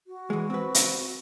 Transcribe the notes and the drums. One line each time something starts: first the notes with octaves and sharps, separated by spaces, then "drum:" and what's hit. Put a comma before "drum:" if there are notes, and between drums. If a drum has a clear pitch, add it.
F#4
E3 G#3
C4 B4
drum: hi-hat